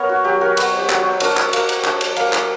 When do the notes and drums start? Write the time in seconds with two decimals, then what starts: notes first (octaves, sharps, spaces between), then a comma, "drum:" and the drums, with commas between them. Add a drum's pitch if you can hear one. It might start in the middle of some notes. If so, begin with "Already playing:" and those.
Already playing: B3 A#4 C#5
0.09 F#4
0.24 F#3 G4
0.41 F#4 A#4
0.57 B3, drum: cymbal
0.79 G4
0.89 F#3, drum: clap
0.99 F#4
1.20 D4 F#4 A#4, drum: cymbal
1.37 drum: clap
1.53 A#3, drum: cymbal
1.69 drum: cymbal
1.84 D4, drum: clap
2.01 drum: cymbal
2.16 A#3, drum: cymbal
2.33 drum: clap